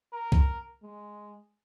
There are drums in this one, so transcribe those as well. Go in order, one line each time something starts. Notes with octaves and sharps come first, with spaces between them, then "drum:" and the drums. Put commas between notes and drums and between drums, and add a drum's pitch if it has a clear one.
A#4
drum: kick C2
G#3